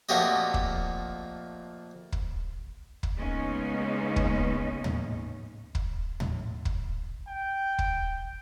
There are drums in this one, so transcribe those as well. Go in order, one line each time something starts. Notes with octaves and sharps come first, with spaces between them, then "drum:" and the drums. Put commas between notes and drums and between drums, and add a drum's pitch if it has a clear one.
F2 A#2 A3 F#4 G4 D#5
drum: kick
drum: kick
drum: kick
C#3 G#3 A#3 B3 C#4 D#4
drum: kick
drum: tom
drum: kick
drum: tom
drum: kick
G5
drum: kick